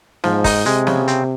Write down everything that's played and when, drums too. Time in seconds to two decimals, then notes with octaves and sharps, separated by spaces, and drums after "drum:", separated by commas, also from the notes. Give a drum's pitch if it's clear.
0.24 G#2 F3, drum: snare
0.44 D#4, drum: kick, open hi-hat
0.66 C3 G#3, drum: hi-hat
0.87 C#3, drum: snare
1.08 C4, drum: hi-hat